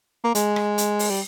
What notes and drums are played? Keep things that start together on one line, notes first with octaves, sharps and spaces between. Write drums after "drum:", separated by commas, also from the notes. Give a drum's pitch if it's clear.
A#3
G#3, drum: hi-hat
drum: rim click
drum: hi-hat
drum: open hi-hat
G3